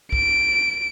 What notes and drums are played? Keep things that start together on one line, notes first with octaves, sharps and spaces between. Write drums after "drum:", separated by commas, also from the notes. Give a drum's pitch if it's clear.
D7, drum: kick